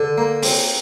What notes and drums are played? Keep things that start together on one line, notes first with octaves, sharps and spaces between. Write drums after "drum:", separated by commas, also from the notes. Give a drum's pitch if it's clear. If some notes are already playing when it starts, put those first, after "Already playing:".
Already playing: D3
A#3
C4, drum: open hi-hat